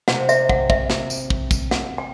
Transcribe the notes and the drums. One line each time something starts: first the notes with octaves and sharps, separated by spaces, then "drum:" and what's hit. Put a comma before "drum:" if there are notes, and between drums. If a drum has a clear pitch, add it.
C3 F#5, drum: snare
E5, drum: tambourine
F#5, drum: kick
E5, drum: kick
drum: snare
drum: tambourine
drum: kick
drum: kick, tambourine
F#5, drum: snare
G5